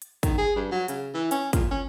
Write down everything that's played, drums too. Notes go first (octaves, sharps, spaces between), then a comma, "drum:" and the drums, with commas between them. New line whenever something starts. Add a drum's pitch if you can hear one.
drum: hi-hat
D#3, drum: kick, hi-hat
G#4
G2
F#3
C#3, drum: hi-hat
E3
C#4, drum: hi-hat
A#2, drum: kick, hi-hat
C#4